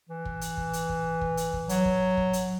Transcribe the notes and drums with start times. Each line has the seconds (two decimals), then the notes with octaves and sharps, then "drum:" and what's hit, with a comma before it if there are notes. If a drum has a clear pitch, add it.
0.09 E3
0.25 drum: kick
0.41 drum: hi-hat
0.57 drum: kick
0.73 drum: hi-hat
0.89 drum: kick
1.21 drum: kick
1.37 drum: hi-hat
1.53 drum: kick
1.69 F#3, drum: hi-hat
1.85 drum: kick
2.17 drum: kick
2.33 drum: hi-hat